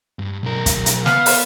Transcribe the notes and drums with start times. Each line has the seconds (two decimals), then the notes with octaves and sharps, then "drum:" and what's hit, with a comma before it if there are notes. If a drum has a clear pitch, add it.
0.19 G2
0.43 B1 A#4
0.66 drum: kick, hi-hat
0.86 drum: hi-hat
1.06 B3 F5, drum: snare
1.26 drum: open hi-hat